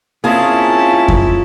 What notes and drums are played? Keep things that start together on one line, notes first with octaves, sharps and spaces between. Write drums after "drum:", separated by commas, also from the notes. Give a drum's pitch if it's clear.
A#3 C4 C#4 E4 F4 G#4 A5 A#5
drum: kick F2